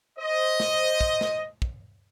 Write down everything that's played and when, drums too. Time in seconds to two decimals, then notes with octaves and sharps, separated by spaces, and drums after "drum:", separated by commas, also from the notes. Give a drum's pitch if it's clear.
0.19 C5 D#5
0.60 drum: snare
1.01 drum: kick
1.21 drum: snare
1.62 drum: kick